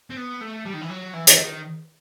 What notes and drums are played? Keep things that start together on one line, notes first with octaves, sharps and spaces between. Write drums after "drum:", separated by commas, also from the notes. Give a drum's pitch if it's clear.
C4
B3
A3
G3
D#3
E3
F#3
E3
E3, drum: hi-hat
D#3